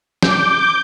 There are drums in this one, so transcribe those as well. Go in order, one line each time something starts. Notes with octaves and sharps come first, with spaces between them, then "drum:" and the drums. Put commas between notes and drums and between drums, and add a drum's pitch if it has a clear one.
D6 G6, drum: snare